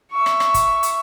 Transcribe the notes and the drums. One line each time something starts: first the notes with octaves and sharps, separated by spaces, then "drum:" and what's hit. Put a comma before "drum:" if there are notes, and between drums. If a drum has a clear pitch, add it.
E5 C#6
drum: rim click
drum: rim click
drum: kick, hi-hat
drum: hi-hat